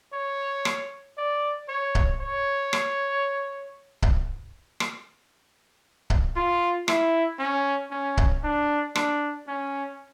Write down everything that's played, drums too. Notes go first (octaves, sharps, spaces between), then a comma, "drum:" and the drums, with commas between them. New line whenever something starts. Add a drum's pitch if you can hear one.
C#5
drum: rim click
D5
C#5
drum: kick C#1
C#5
drum: rim click
drum: kick C#1
drum: rim click
drum: kick C#1
F4
E4, drum: rim click
C#4
C#4
drum: kick C#1
D4
D4, drum: rim click
C#4